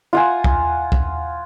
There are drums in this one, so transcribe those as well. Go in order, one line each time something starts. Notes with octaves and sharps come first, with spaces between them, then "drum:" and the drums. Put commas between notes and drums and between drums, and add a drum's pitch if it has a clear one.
F4 F#5 G#5
drum: kick C2
drum: kick C2